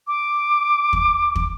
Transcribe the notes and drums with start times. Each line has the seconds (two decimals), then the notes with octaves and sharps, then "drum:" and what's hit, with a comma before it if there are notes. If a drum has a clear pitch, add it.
0.07 D6
0.93 drum: kick
1.36 drum: kick